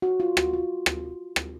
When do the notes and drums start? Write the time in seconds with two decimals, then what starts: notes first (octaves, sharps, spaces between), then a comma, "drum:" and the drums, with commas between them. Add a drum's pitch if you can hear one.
0.02 F#4
0.20 F4
0.37 F#4, drum: rim click
0.53 F4
0.86 drum: rim click
1.36 drum: rim click